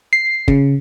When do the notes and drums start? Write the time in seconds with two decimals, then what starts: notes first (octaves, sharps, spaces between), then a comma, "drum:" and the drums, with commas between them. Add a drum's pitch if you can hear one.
0.13 C7
0.48 C#3, drum: kick